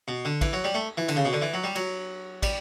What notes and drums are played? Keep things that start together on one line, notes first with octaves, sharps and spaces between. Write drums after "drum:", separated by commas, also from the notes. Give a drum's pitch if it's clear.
B2
D3
E3, drum: kick, cymbal
F#3
G3
A3
E3
D3, drum: cymbal
C#3
B2
D3
E3
F#3
G3
F#3, drum: cymbal
G3, drum: kick, cymbal